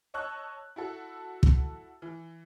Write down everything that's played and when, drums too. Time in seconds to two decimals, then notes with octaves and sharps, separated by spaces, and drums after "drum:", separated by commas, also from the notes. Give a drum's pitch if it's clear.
0.14 C#5 D#5 A5 C#6 E6 F#6
0.76 E4 F#4 A4
1.43 drum: kick
2.02 E3